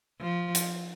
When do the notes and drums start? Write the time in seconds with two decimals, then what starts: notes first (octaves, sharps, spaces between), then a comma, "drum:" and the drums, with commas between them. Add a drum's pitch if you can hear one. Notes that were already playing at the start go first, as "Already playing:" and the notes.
0.21 F3
0.55 drum: hi-hat